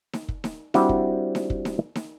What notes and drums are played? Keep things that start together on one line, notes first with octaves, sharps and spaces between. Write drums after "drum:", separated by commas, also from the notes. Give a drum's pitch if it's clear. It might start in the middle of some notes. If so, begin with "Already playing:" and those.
drum: snare D#4
drum: kick
drum: snare D#4
G3 C4 D4 E4 F#4, drum: snare D#4
drum: kick
drum: snare D#4
drum: kick
drum: snare D#4
drum: snare D#4